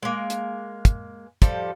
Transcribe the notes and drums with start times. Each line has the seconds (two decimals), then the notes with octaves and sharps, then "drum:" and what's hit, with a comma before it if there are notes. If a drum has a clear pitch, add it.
0.03 G#3 A#3
0.30 drum: hi-hat
0.85 drum: kick, hi-hat
1.42 F3 G3 A4, drum: kick, hi-hat